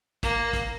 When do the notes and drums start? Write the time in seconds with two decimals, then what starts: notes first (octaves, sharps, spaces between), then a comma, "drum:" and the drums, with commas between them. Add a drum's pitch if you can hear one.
0.23 A#3, drum: kick, hi-hat
0.53 drum: kick, hi-hat